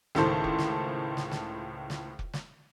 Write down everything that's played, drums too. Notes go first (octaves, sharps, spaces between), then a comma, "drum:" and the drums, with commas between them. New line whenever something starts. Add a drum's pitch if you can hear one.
C#2 A2 D#3 A4 C5, drum: snare
drum: kick F1
drum: snare
drum: snare
drum: snare
drum: snare
drum: kick F1
drum: snare